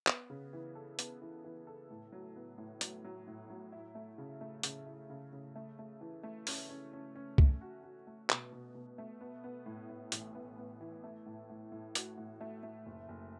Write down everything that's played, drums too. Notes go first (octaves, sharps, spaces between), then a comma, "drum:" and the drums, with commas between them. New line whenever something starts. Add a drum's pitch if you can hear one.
B3, drum: clap
C#3
E3
A4
B3, drum: hi-hat
E3
E3
A4
A2
F#3
B3
A2
F#3, drum: hi-hat
F#3
A2
F#3
E4
A3
C#3
A3
C#3, drum: hi-hat
E4
C#3
C#3
A3
A3
E3
A3
C#4, drum: open hi-hat
C#4
C#4
C#4
A3, drum: kick C2
F#4
F#4
A3
B2, drum: clap
B2
B2
A3
B3
B3
A2
A2
A1, drum: hi-hat
B3
B3
E3
A3
A2
A2
A2
F#4, drum: hi-hat
A2
A3
A3
F#1
F#1